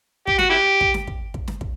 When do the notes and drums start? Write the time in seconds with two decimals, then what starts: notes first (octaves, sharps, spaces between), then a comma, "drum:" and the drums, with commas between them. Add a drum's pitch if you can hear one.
0.27 G4, drum: kick
0.38 F#4, drum: snare
0.50 E4 G4
0.81 drum: kick
0.94 drum: snare
1.07 drum: kick
1.34 drum: kick
1.48 drum: snare
1.61 drum: kick